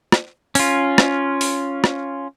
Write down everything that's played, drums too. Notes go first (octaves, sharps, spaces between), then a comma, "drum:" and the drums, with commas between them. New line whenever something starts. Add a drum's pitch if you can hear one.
drum: rim click
C#4 F4, drum: open hi-hat
drum: rim click
drum: open hi-hat
drum: rim click